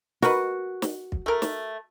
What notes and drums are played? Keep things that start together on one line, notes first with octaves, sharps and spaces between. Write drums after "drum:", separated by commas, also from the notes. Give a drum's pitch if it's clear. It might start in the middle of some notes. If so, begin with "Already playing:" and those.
F#4 A#4 B4, drum: snare
drum: snare
drum: kick
A3 A#4
drum: snare